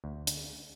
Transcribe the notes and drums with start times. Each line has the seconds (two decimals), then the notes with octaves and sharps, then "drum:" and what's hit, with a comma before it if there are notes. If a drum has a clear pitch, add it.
0.04 D2
0.27 drum: hi-hat